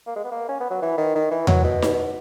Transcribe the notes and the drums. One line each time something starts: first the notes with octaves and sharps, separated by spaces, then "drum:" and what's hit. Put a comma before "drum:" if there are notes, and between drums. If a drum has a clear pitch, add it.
A#3
G#3
B3
A#3
C#4
B3
F#3
E3
D#3
D#3
E3
F#3, drum: tom E2
B2
drum: snare D#4